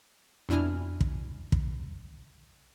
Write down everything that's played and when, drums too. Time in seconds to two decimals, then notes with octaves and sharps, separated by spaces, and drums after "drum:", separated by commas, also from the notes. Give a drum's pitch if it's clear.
0.49 F2 B2 D4 E4 G#5 F6
1.01 drum: kick
1.52 drum: kick